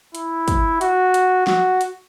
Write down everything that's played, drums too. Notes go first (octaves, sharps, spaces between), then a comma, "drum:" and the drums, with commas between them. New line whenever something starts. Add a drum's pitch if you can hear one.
E4, drum: hi-hat
drum: kick, hi-hat
F#4, drum: hi-hat
drum: hi-hat
F#4, drum: snare
drum: hi-hat